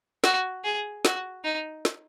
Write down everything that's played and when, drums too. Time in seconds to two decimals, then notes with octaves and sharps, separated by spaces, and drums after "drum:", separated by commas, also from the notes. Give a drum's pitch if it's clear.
0.24 F#4, drum: snare
0.64 G#4
1.05 F#4, drum: snare
1.44 D#4
1.85 drum: snare